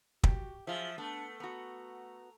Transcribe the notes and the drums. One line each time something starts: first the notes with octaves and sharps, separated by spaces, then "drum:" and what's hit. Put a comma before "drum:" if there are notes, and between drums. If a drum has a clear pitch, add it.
F#4 G4, drum: kick
F3 F#3 F4 G#4 E5
A3 B3 D4
B3 F#4 A#5